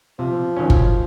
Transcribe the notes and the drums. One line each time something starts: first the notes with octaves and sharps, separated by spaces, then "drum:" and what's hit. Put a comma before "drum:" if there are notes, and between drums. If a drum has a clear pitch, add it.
C3 F3
D#3 F#3 C#4
drum: kick G1